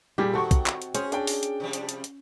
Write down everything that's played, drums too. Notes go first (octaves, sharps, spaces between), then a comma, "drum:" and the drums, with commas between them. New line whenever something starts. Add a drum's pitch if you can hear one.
A#2 G3 G4 G#4
D#3 C4 F#4 A4 G5 C#6
drum: kick, hi-hat
drum: clap
drum: hi-hat
C#4 G#4 C5, drum: hi-hat
D4 G5, drum: hi-hat
drum: open hi-hat
drum: hi-hat
C3 F3 G3
drum: hi-hat
drum: hi-hat
drum: hi-hat